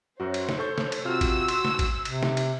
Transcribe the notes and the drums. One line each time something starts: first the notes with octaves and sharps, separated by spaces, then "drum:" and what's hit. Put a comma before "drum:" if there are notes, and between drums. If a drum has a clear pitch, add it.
F#2 F#4 C5 C#5
drum: cymbal
drum: snare
A4 C#6 G6
drum: snare
drum: cymbal
C3 F4 F#4 E6 F6
drum: kick A1, cymbal
C6, drum: cymbal
drum: snare
drum: kick A1, cymbal
C3, drum: cymbal
drum: snare
drum: cymbal